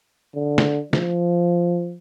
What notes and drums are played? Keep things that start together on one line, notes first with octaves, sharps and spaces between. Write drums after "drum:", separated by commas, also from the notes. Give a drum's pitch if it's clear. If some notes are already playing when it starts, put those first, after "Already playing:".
D3
drum: snare
F3, drum: snare